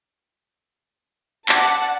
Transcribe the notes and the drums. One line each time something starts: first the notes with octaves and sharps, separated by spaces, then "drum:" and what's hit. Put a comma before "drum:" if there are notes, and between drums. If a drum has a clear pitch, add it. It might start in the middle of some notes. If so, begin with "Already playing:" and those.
D5 F#5 A5, drum: clap